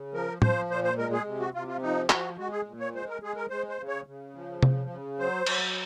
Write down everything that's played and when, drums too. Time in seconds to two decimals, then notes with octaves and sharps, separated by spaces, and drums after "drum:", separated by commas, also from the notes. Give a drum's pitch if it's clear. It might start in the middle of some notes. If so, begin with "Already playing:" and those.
Already playing: C#3
0.13 F3 A#4
0.42 F3 C5, drum: tom
0.70 A#2 C5
0.84 C5
0.98 G#3 A#4
1.13 G#4
1.27 C3
1.40 F#4
1.54 C3 F4
1.67 F4
1.82 F3 D#4
2.10 F3 F#4, drum: clap
2.38 G#3 F#4
2.52 G#4
2.67 A#2
2.80 C#5
2.95 G#3 C5
3.08 A#4
3.22 G#3 G#4
3.36 A#4
3.50 G#3 C5
3.69 C5
3.79 C#3
3.88 C#5
4.07 C#3
4.35 F3
4.63 C#3, drum: tom C3
4.90 C#3
5.19 F#3 C5
5.46 F#3, drum: cymbal